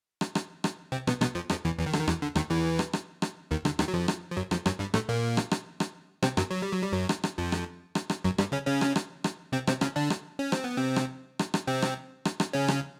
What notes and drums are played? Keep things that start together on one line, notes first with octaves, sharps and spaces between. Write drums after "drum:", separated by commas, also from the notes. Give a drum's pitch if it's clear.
drum: rim click
drum: rim click
drum: rim click
C3 C4
B2 B3, drum: rim click
B2 B3, drum: rim click
F2 F3
F2 F3, drum: rim click
E2 E3
E2 E3
D#3
D3, drum: rim click
D#3
E2 E3, drum: rim click
D3
D#2 D#3, drum: rim click
E2 E3
drum: rim click
drum: rim click
drum: rim click
D#2 D#3
D3, drum: rim click
D#2 D#3, drum: rim click
F#3
F2 F3
drum: rim click
F3
F#2 F#3
F2 F3, drum: rim click
F#2 F#3, drum: rim click
G2 G3
A2 A3, drum: rim click
A#2 A#3
drum: rim click
drum: rim click
drum: rim click
C3 C4, drum: rim click
F#2 F#3, drum: rim click
F#3
G3
F#3
G3
F#2 F#3
drum: rim click
drum: rim click
F2 F3
drum: rim click
drum: rim click
drum: rim click
F#2 F#3
G2 G3, drum: rim click
C#3 C#4
C#3 C#4
drum: rim click
drum: rim click
drum: rim click
C3 C4
C3 C4, drum: rim click
C#3 C#4, drum: rim click
D3 D4
drum: rim click
C#4
C4, drum: rim click
B3
C3 C4
drum: rim click
drum: rim click
drum: rim click
C3 C4
drum: rim click
drum: rim click
drum: rim click
C#3 C#4
drum: rim click